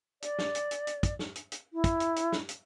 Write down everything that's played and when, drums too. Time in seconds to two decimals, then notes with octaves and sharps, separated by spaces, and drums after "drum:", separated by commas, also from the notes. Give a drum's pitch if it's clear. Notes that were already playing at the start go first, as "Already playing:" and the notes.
0.22 D5, drum: hi-hat
0.39 drum: snare
0.55 drum: hi-hat
0.71 drum: hi-hat
0.87 drum: hi-hat
1.03 drum: kick, hi-hat
1.19 drum: snare
1.36 drum: hi-hat
1.52 drum: hi-hat
1.73 E4
1.84 drum: kick, hi-hat
2.00 drum: hi-hat
2.16 drum: hi-hat
2.32 drum: snare
2.49 drum: hi-hat